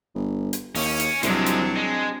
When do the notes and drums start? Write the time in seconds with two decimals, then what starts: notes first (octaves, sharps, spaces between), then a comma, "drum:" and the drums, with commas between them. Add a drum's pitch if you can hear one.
0.15 G1
0.53 drum: hi-hat
0.75 D#2 C#4, drum: open hi-hat
1.00 drum: hi-hat
1.23 C2 F3 F#3 G#3 C4 D4, drum: hi-hat
1.46 drum: hi-hat
1.76 G#3